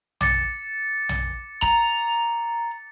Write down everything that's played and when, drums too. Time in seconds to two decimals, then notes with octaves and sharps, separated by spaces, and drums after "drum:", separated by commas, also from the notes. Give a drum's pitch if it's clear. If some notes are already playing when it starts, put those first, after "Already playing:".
0.21 D6 A6 C#7, drum: tom A#1
1.09 drum: tom A#1
1.62 A#5, drum: kick